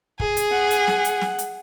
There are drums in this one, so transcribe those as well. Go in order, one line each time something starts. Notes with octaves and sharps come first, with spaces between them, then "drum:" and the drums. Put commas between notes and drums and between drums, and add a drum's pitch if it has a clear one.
G#4, drum: kick
drum: hi-hat
F#5
drum: hi-hat
drum: snare
drum: hi-hat
drum: snare
drum: hi-hat